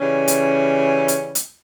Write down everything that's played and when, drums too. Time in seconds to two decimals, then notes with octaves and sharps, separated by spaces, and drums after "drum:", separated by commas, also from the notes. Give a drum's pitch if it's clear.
0.01 C#3 E3 G3 C#4
0.28 drum: hi-hat
1.08 drum: hi-hat
1.35 drum: hi-hat